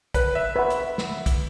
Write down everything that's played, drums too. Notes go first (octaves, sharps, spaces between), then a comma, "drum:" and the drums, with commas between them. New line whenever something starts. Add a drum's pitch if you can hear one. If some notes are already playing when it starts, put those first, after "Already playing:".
B4, drum: kick, hi-hat
E5
B4 E5 F#5 B5
drum: hi-hat
drum: snare
drum: kick, hi-hat